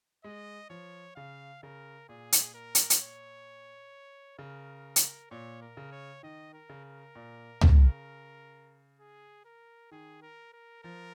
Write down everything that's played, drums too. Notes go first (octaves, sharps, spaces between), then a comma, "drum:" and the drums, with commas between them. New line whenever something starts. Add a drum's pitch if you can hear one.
G#3 D#5
F3 C#5
C#3 F5
C#3 A#4
A#2 G#4
drum: hi-hat
A#4
drum: hi-hat
drum: hi-hat
C#5
C#3 A#4
drum: hi-hat
A#2 C#5
A#4
C#3
C#5
D#3 D#5
A#4
C#3
A#4
A#2
C#3, drum: tom
G#4
A#4
D#3 G#4
A#4
A#4
F3 A#4